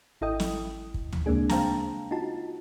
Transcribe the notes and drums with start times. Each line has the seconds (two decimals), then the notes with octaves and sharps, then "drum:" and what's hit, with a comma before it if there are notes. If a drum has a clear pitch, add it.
0.21 G#1 E4 A4 D#5 G5 D#6
0.40 drum: snare
0.94 drum: kick
1.13 drum: tom D2
1.26 C#3 G#3 A#3 C4 D4 G#4
1.49 C5 F5 G5 A5 A#5, drum: snare
2.11 D#4 F4 F#4 A5